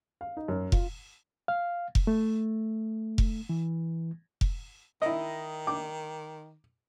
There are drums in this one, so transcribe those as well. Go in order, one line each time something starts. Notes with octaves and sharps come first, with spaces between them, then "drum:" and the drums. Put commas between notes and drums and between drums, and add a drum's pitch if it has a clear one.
F5
D#4
F#2
F4, drum: kick F1
F5
drum: kick F1
A3
drum: kick F1
E3
drum: kick F1
D#3 E4 D#5
D6